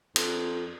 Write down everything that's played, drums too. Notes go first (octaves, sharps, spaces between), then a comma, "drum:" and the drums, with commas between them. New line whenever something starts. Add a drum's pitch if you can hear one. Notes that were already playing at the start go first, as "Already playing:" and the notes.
F2, drum: cymbal